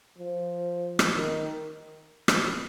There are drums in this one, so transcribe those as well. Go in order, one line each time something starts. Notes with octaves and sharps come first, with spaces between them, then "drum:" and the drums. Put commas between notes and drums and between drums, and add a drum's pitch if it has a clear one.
F3
drum: rim click
D#3
drum: rim click